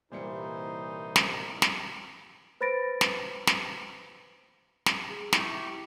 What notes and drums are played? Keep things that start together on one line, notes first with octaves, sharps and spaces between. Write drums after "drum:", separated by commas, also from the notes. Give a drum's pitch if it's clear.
C2 A#2 E3 G3 D#4 C5 C#7
drum: snare
drum: snare
B4 C5 B5 A6 A#6 D7
drum: snare
drum: snare
drum: snare
G#4
E4 G4 C#6, drum: snare